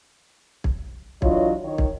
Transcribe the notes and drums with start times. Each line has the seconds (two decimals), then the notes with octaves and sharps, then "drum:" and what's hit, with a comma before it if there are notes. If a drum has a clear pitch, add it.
0.64 drum: kick
1.22 E3 F#3 D4 F4 C#5 D#5, drum: kick
1.64 D#3 C#5
1.78 drum: kick